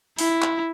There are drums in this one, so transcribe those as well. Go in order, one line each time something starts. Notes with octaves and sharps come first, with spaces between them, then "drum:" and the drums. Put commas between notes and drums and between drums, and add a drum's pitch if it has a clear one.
E4, drum: open hi-hat
drum: clap